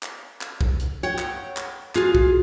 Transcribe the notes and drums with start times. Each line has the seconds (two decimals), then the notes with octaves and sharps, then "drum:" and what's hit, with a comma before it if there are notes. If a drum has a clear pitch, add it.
0.03 drum: clap
0.41 drum: clap
0.61 drum: kick C2
0.80 drum: hi-hat
1.03 C#5 F#5 G5
1.18 drum: clap
1.57 drum: clap
1.95 F4 F#4 G#4, drum: clap
2.15 drum: kick C2